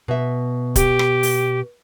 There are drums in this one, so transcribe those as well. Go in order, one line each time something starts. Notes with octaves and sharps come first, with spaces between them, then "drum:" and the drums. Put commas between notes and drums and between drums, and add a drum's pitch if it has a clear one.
B2 E5
G4, drum: kick D1, hi-hat
drum: rim click
drum: open hi-hat